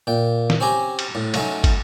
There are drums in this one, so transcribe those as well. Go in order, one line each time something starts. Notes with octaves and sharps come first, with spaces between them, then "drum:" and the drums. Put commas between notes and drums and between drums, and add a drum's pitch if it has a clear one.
A#2 G5
drum: snare
C4 C#4 G4 G#5 A#5
drum: cymbal
A2
F#3 A3 C#4 D#4, drum: cymbal
drum: kick, cymbal